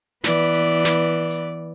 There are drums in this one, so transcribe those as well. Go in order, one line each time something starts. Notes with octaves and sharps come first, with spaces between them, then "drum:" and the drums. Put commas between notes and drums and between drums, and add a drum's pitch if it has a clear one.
E3 B3 D5, drum: snare
drum: hi-hat
drum: hi-hat
drum: snare
drum: hi-hat
drum: hi-hat